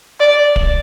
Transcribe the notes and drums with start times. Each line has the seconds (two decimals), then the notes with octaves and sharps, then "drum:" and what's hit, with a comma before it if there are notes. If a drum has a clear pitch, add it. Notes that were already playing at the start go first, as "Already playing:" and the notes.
0.20 D5
0.56 drum: kick